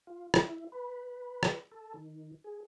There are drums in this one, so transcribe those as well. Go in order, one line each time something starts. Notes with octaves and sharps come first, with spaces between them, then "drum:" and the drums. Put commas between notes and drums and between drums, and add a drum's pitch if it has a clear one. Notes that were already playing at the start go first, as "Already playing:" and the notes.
F4
E4, drum: rim click
B4
drum: rim click
A4
D#3
G#4